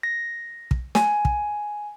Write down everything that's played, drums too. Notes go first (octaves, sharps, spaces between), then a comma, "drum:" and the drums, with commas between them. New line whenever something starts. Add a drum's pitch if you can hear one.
A#6
drum: kick
G#5, drum: snare
drum: kick